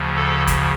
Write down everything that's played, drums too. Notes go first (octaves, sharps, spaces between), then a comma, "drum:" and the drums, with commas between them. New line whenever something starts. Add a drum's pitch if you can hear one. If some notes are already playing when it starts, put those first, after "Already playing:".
Already playing: D2 C#3 F3
A4
drum: kick, hi-hat